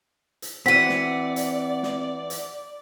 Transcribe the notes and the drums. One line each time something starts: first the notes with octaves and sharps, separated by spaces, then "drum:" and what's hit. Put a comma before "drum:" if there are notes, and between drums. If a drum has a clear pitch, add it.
drum: hi-hat
E3 C4 F#4 D5 F#5 B6 D#7
drum: snare
drum: hi-hat
drum: snare
drum: hi-hat